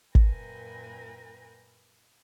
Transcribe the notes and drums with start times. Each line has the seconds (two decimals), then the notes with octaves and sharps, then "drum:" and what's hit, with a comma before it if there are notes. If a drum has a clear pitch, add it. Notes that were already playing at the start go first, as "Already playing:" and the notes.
0.15 F#2 A#2 A#4 B4 G5 G#5, drum: kick